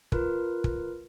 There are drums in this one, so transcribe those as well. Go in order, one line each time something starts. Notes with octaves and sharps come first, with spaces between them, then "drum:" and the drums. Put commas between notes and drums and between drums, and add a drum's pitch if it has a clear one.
F4 A#4 B4, drum: kick
drum: kick